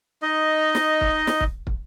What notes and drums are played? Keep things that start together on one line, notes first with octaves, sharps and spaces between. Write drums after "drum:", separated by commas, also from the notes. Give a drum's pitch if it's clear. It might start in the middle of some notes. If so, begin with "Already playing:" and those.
D#4 D#5
drum: snare
drum: kick
drum: snare
drum: kick
drum: kick